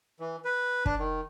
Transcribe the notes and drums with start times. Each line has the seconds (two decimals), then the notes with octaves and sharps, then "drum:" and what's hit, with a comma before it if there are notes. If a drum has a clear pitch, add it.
0.20 E3
0.45 B4
0.86 D4, drum: kick
0.99 D#3